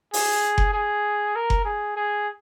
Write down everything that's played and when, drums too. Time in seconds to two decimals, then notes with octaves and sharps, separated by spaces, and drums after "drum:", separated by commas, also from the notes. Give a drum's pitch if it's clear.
0.13 G#4, drum: open hi-hat
0.58 drum: kick F#1
0.74 G#4
1.36 A#4
1.50 drum: kick F#1
1.65 G#4
1.96 G#4